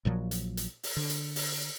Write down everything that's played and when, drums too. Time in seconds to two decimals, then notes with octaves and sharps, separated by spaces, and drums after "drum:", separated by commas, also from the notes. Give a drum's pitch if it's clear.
0.05 A#1 A#2 F3 F#3
0.31 drum: hi-hat
0.57 drum: hi-hat
0.83 drum: open hi-hat
0.97 D3
1.10 drum: hi-hat
1.36 drum: open hi-hat